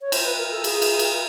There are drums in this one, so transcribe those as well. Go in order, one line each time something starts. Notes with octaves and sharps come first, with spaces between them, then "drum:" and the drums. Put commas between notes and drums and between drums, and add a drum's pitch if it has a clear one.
C#5
C5, drum: cymbal
B4
A#4
A4
G#4, drum: cymbal
drum: cymbal
drum: cymbal